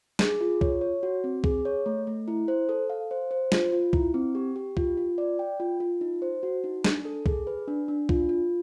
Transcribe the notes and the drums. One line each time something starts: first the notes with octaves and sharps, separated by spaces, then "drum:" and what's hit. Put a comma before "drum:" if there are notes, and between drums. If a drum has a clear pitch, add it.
G#4, drum: snare
F4
C#5, drum: kick B1
C#5
F#4
C4
G#4, drum: kick B1
C#5
A3
A3
E4
C5
A4
F5
C5
C5
F4, drum: snare
F4
E4, drum: kick B1
C4
G4
G4
F4, drum: kick B1
F4
D5
G5
F4
F4
D#4
C5
F#4
D#4
D4, drum: snare
A4
G#4, drum: kick B1
B4
D4
D4
F4, drum: kick B1
F4